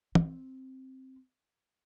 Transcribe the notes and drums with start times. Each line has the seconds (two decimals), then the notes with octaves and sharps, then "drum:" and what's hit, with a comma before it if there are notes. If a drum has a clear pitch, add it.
0.15 C4, drum: tom